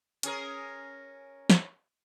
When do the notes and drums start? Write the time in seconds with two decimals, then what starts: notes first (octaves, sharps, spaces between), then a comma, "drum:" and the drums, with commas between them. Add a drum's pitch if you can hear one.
0.23 C#4 G#4 A#4, drum: hi-hat
1.50 drum: snare